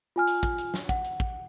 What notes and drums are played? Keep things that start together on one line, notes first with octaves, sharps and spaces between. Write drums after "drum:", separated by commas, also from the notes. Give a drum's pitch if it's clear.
F4 G#5 F6
drum: hi-hat
drum: kick, hi-hat
drum: hi-hat
drum: snare
F#5, drum: kick, hi-hat
drum: hi-hat
drum: kick